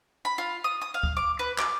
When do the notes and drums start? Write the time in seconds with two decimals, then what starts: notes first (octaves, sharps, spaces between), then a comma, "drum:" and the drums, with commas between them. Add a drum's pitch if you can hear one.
0.25 B5
0.38 F4
0.64 D#6
0.82 D#6
0.94 F5
1.03 drum: kick D2
1.17 D6
1.39 B4
1.59 D6, drum: clap